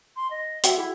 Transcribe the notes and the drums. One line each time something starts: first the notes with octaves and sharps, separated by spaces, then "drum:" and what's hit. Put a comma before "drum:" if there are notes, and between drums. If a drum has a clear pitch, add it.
C6
D#5
F#4 E5 F#5 G5, drum: hi-hat
E4 G#4